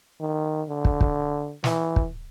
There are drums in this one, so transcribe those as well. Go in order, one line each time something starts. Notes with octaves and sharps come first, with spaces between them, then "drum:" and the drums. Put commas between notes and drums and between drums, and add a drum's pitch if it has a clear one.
D#3
D3
drum: kick
drum: kick
E3, drum: snare
drum: kick